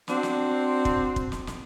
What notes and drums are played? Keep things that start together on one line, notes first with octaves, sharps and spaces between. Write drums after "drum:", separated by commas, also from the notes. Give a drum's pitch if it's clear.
C4 D4 F#4, drum: snare
drum: snare
drum: kick
drum: kick
drum: snare
drum: snare